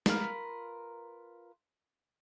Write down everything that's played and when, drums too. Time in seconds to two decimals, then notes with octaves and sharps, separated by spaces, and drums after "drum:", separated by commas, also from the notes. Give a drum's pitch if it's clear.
0.06 F4 A#4 B4 F6, drum: snare